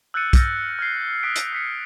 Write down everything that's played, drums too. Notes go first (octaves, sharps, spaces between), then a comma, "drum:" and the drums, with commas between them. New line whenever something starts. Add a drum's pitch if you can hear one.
E6 F#6 G6 A6 C#7 D#7
E6 F6 G6 A6 A#6, drum: kick, hi-hat
F6 G#6 C7
D#6 F6 F#6 B6 D7
drum: hi-hat
F#6 B6 C#7